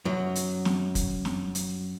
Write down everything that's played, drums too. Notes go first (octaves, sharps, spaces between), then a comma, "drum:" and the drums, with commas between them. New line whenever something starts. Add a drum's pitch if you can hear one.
F#2 F#3
drum: hi-hat
drum: snare
drum: kick, hi-hat
drum: snare
drum: hi-hat